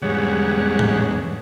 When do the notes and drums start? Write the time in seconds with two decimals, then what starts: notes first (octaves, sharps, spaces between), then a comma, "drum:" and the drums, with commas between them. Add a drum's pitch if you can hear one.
0.02 E2 G#2 G3 G#4 C#5 F#5
0.79 drum: tom